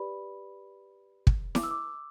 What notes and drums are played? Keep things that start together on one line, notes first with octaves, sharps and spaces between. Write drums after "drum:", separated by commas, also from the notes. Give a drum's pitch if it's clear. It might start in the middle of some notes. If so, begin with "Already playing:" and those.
Already playing: G4 B4 D5 B5
drum: kick
D6, drum: snare E4
E6
D6